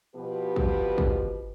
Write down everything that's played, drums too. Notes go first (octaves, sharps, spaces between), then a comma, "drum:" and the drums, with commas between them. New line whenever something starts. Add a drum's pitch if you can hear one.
B2 F3 G4 B4
drum: kick
drum: kick